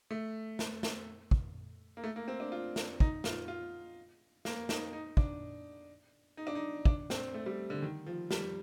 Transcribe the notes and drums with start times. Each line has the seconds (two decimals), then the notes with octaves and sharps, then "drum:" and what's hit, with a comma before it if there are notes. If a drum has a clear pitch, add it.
0.11 A3
0.59 drum: snare
0.83 drum: snare
1.31 drum: kick
1.97 A#3
2.04 A3
2.16 A#3
2.28 C4
2.40 D4
2.52 F4
2.76 drum: snare
3.00 D#4, drum: kick
3.24 F4, drum: snare
3.48 F4
4.45 A#3, drum: snare
4.69 D#4, drum: snare
4.93 D#4
5.17 D4, drum: kick
6.37 D#4
6.47 D4
6.55 D#4
6.85 D4, drum: kick
7.10 C4, drum: snare
7.34 A3
7.46 G3
7.70 D3
7.82 D#3
8.06 F3
8.31 G3, drum: snare